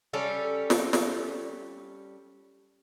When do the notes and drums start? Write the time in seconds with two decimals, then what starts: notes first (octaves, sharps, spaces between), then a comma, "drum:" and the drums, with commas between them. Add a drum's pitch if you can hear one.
0.13 G3 C#4 A4
0.70 drum: snare
0.93 drum: snare